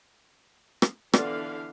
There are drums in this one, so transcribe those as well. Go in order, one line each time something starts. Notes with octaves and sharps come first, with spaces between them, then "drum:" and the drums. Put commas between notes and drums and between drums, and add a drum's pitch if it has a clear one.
drum: rim click
D3 E3 B3 F4 D5 F5, drum: rim click